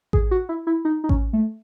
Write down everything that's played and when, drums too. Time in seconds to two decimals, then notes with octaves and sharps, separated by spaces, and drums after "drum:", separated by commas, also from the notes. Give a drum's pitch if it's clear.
0.13 G#4, drum: kick A1
0.31 F#4
0.49 E4
0.67 E4
0.85 D#4
1.04 D#4
1.09 C#4, drum: kick A1
1.33 A3